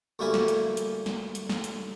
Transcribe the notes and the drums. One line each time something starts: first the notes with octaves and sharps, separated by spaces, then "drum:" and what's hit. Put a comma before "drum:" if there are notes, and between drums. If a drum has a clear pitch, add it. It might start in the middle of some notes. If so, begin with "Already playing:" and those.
D2 G2 A#3 E4 G#5
drum: snare
drum: hi-hat
drum: hi-hat
drum: snare
drum: hi-hat
drum: snare
drum: hi-hat